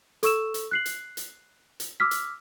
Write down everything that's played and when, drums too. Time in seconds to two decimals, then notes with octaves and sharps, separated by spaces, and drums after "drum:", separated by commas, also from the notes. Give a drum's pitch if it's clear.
0.23 A4 C#6 E6 E7, drum: hi-hat
0.54 drum: hi-hat
0.71 F#6 C7 F#7
0.86 drum: hi-hat
1.17 drum: hi-hat
1.80 drum: hi-hat
2.00 D6 E6 F6 B6
2.11 drum: hi-hat